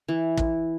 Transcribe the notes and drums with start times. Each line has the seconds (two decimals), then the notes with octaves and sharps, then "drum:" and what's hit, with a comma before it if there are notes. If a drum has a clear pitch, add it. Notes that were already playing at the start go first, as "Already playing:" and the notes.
0.08 E3
0.37 drum: kick